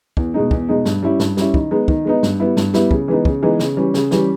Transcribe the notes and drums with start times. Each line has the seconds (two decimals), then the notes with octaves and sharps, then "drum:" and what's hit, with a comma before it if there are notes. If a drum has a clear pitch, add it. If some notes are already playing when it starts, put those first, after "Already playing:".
0.17 E2, drum: kick
0.34 B2 G#3 D#4
0.51 E2, drum: kick
0.69 B2 G#3 D#4
0.85 G2, drum: snare
1.03 G3 C#4 E4
1.20 G2, drum: snare
1.37 G3 C#4 E4, drum: snare
1.54 D#3, drum: kick
1.71 G#3 B3 D#4
1.88 D#3, drum: kick
2.05 G#3 B3 D#4
2.23 G2, drum: snare
2.40 G3 B3 E4
2.57 G2, drum: snare
2.74 G3 B3 E4, drum: snare
2.91 C#3, drum: kick
3.08 E3 G#3 B3 D#4
3.25 C#3, drum: kick
3.42 E3 G#3 B3 D#4
3.59 C#3, drum: snare
3.77 E3 G3 C#4
3.94 C#3, drum: snare
4.11 E3 G3 C#4, drum: snare